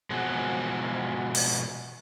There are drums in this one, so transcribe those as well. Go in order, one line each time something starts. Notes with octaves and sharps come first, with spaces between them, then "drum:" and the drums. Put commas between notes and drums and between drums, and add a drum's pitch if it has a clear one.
B2 F3 G#3 F#4
drum: open hi-hat